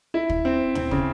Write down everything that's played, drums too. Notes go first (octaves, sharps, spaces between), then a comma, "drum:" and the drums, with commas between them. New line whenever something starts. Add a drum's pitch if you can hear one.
E4
drum: kick
C4
C4, drum: tom D2
C#3, drum: kick